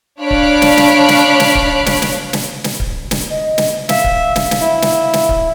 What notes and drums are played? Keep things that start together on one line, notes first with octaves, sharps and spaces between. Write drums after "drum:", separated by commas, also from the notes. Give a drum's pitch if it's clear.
D4 C#5 F5 B5 F#6 D7
drum: kick
drum: snare
drum: snare
drum: snare
drum: snare
drum: kick
drum: snare
drum: snare
drum: snare
drum: snare
drum: kick
drum: snare
D#5
drum: snare
E5 F5, drum: snare
drum: kick
drum: snare
drum: snare
E4
drum: snare
drum: snare
drum: kick